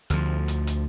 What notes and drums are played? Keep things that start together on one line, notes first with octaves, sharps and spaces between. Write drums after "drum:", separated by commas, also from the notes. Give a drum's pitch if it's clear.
D2 F3, drum: hi-hat
drum: hi-hat
drum: hi-hat